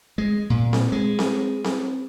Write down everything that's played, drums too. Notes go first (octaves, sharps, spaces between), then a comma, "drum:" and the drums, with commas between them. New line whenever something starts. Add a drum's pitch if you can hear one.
G#3
A#2
drum: snare C4
G#3
drum: snare C4
drum: snare C4